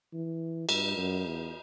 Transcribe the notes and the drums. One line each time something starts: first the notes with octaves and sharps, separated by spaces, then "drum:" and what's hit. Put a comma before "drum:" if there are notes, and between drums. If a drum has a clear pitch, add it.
E3
G2, drum: cymbal
F#2
E2